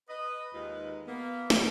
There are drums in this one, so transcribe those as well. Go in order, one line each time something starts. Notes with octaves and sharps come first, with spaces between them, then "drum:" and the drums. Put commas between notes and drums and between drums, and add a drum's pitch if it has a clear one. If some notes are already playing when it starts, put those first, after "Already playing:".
B4 D#5
D#2 D#3 G#3 D#4 F4 B4
A#3 B3
drum: snare